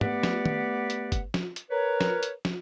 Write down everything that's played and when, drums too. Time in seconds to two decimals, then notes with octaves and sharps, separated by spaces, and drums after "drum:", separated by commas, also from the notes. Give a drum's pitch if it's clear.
0.01 A3 B3 G4 B4 D5 F#5, drum: tom
0.23 drum: snare
0.46 drum: tom
0.90 drum: hi-hat
1.12 drum: kick, hi-hat
1.34 drum: snare
1.56 drum: hi-hat
1.71 A#4 B4 C#5
2.01 drum: snare
2.23 drum: hi-hat
2.45 drum: snare